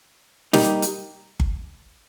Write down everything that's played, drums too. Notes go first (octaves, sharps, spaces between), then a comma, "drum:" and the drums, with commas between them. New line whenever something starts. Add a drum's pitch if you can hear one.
G3 A#3 D#4 G4, drum: snare
drum: hi-hat
drum: kick G1